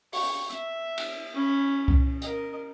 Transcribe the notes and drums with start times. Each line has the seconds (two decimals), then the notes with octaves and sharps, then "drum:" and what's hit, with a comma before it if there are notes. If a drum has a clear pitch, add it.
0.13 C#6, drum: open hi-hat
0.50 E5, drum: hi-hat
0.98 drum: cymbal
1.34 C#4 B5
1.88 drum: kick C2
2.22 A#4 D#5, drum: hi-hat